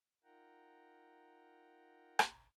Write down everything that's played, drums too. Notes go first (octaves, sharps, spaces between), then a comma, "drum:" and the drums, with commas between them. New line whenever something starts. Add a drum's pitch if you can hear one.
D#4 F4 A#4 F#5 G5 A#5
drum: rim click